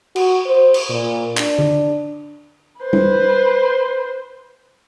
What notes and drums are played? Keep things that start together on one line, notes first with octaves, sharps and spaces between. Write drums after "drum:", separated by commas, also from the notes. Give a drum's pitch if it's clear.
F#4, drum: cymbal
C5
drum: cymbal
A#2
D4, drum: clap
drum: tom D3
B4 C5
drum: tom G3